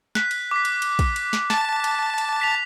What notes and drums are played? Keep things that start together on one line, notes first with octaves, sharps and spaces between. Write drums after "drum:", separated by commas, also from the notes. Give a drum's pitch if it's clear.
F#6 B6, drum: snare
drum: cymbal
D6 B6
drum: cymbal
drum: cymbal
drum: kick, cymbal
drum: cymbal
drum: snare
A5, drum: snare
drum: cymbal
drum: cymbal
B6 F7